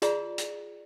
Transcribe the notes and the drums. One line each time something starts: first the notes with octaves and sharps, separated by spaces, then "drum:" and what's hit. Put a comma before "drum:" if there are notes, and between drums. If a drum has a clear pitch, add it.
F4 G#4 D5 A#5, drum: hi-hat
drum: hi-hat